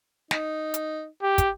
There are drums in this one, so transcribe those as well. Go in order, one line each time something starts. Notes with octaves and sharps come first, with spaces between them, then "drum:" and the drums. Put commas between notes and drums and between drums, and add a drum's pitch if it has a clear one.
D#4, drum: snare
drum: hi-hat
G4
drum: kick, hi-hat